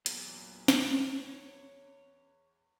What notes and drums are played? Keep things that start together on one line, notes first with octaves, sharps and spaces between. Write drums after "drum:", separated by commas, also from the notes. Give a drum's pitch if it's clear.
E2 A#2 F#3, drum: hi-hat
drum: snare
C#5